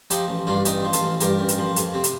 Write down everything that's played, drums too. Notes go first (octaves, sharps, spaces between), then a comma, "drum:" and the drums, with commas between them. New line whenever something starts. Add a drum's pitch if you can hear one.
F3 D#4 G4, drum: hi-hat
A1
G2 D4 F4
A1 D#4 G4, drum: hi-hat
F3
F4 A4, drum: hi-hat
A1
G2 G4 A#4, drum: hi-hat
A1
drum: hi-hat
F3
F2, drum: hi-hat
C3
drum: hi-hat